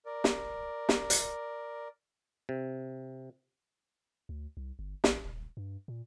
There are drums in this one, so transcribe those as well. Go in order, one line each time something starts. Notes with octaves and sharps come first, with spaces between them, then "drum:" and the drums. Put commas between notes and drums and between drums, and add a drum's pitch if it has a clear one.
A#4 D5
drum: snare
drum: snare
drum: hi-hat
C3
D2
C2
G1
A1, drum: snare
D#1
G2
A#2